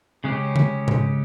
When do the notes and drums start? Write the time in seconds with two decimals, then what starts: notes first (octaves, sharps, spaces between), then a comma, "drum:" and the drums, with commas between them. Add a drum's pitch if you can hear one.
0.24 C#3 G#3 C#4 G4
0.56 drum: tom C#3
0.88 drum: tom G#2